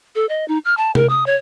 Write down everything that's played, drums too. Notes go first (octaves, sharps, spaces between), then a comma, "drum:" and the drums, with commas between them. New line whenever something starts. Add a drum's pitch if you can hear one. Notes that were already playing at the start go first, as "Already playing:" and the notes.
A4
D#5
D#4
F6
A5
A#4, drum: tom C3
D#6
C#5